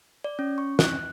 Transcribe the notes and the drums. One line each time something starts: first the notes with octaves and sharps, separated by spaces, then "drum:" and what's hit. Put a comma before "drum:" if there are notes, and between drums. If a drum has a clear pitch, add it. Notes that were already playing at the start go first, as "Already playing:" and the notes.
D5
C#4
C#6
F#6, drum: snare